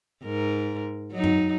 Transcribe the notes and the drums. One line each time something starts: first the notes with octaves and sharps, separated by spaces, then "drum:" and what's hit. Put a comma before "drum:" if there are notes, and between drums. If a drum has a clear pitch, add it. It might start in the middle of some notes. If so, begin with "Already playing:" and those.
G#2 A#4
F#3 D#4
drum: tom F#2